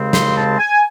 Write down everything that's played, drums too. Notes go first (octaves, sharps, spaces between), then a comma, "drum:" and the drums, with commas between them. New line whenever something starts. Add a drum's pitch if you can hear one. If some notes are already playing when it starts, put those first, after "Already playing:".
Already playing: D#2 C#3 G#3 C4
C6, drum: snare
A5
G#5